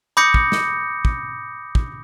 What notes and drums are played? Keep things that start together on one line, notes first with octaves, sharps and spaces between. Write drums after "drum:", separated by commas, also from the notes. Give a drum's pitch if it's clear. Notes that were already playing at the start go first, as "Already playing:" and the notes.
B5 D6 D#6 G6 A#6 C#7
drum: kick
drum: snare
drum: kick
drum: kick